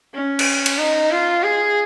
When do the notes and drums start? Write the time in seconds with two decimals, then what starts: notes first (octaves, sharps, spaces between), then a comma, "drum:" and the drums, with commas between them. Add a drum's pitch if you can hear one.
0.14 C#4
0.39 drum: cymbal
0.66 drum: cymbal
0.78 D#4
1.11 F4
1.43 G#4